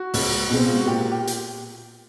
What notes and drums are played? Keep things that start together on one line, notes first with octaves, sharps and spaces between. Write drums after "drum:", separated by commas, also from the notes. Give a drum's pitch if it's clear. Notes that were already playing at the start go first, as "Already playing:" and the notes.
Already playing: F#4
C#2, drum: open hi-hat
B2 G#3 C4
F4
F#4
A#2 G4
G4
drum: hi-hat